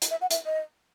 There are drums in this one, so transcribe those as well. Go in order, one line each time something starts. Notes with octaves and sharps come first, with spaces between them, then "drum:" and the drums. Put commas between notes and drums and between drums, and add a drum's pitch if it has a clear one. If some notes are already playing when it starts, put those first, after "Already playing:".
drum: hi-hat
E5
F#5
E5, drum: hi-hat
D#5